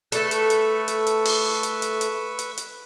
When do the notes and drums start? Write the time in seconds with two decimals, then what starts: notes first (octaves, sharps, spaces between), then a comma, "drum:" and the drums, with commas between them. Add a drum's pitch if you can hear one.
0.12 A3 A4 B4 C#6 E6, drum: hi-hat
0.31 drum: hi-hat
0.50 drum: hi-hat
0.88 drum: hi-hat
1.07 drum: hi-hat
1.25 drum: open hi-hat
1.63 drum: hi-hat
1.82 drum: hi-hat
2.01 drum: hi-hat
2.39 drum: hi-hat
2.57 drum: hi-hat